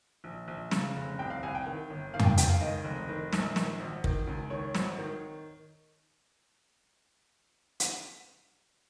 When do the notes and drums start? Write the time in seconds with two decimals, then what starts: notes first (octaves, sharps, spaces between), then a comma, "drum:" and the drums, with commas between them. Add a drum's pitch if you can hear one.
0.24 A#1
0.48 A#1
0.71 C#3, drum: snare
0.96 F1
1.19 C2 G5
1.30 F5
1.43 C2 G#5
1.55 G5
1.66 D#3
1.90 G1
2.14 D#3 F5
2.19 G#5, drum: tom F2
2.25 G5
2.37 C#2 G5, drum: hi-hat
2.49 F5
2.61 D#3 D#5
2.84 F1
3.09 D#3
3.32 A#1, drum: snare
3.56 D#3, drum: snare
3.80 G#1
4.04 D#3, drum: kick
4.27 C#2
4.50 D#3 C#5
4.74 G#1, drum: snare
4.99 D#3
7.80 drum: hi-hat